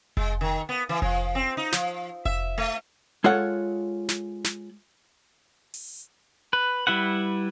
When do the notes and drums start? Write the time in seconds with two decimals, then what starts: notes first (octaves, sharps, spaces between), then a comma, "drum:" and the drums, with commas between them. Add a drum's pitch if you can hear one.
0.17 G#3, drum: kick F1
0.41 D#3
0.69 B3
0.89 E3
1.02 F3, drum: kick F1
1.35 C4
1.57 D#4
1.72 F3, drum: snare
2.25 E5, drum: kick F1
2.58 A3
3.24 G#3 F4 A4 C#5 F#5
4.09 drum: snare
4.44 drum: snare
5.74 drum: open hi-hat
6.53 B4
6.87 G3 E4 B4 F#5